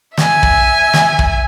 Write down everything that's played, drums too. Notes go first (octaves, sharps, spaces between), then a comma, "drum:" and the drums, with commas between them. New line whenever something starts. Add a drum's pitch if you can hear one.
E5 G#5, drum: snare
drum: kick
drum: snare
drum: kick